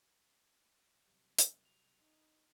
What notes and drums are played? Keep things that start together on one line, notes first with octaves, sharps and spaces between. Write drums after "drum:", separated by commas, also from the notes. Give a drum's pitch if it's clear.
C3 F#3 G3
drum: hi-hat
F7
D#4